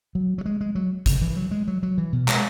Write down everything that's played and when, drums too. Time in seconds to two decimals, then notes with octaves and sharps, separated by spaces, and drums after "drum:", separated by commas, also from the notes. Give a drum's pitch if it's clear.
0.15 F#3
0.38 F#3
0.46 G#3
0.61 G#3
0.75 F#3
1.06 C#3, drum: kick G#1, hi-hat
1.21 E3
1.37 F#3
1.51 G#3
1.68 F#3
1.83 F#3
1.98 E3
2.13 B2
2.28 G#3, drum: clap